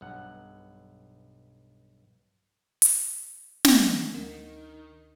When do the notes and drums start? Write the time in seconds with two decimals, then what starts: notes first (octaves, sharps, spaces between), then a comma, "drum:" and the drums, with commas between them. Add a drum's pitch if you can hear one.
0.01 B1 G2 F#5
2.82 drum: hi-hat
3.65 drum: snare
4.14 D2 D#3 D#4 A#4